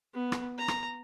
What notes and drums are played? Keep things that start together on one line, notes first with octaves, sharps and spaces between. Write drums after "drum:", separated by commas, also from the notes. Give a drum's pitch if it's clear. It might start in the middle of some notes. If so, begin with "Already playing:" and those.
B3
drum: rim click
A#5
drum: rim click